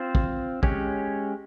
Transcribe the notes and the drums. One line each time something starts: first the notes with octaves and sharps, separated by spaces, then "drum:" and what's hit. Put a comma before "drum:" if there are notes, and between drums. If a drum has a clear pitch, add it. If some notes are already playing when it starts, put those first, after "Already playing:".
Already playing: C4 F4 C5
drum: kick
G#3 C#4 G4 C#5, drum: kick